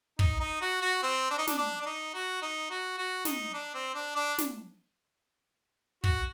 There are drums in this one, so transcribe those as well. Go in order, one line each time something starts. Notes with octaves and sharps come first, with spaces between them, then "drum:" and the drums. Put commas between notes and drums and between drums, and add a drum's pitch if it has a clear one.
D#4, drum: kick
D#4
F#4
F#4
C4
D4
D#4
D4, drum: snare
D4
D4
D#4
F#4
D#4
F#4
F#4
D#4, drum: snare
D4
C4
D4
D4
drum: snare
F#4, drum: kick